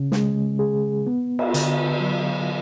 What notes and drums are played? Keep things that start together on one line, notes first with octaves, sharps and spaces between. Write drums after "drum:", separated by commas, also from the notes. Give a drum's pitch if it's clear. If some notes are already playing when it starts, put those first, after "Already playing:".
Already playing: C#3 C#4
G#3, drum: snare
G#4
B3
drum: cymbal
D3, drum: hi-hat
F#3